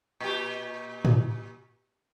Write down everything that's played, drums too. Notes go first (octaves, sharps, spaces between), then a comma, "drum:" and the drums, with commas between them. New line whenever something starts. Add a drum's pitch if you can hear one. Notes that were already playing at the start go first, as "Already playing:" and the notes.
A#2 G4
drum: tom G#2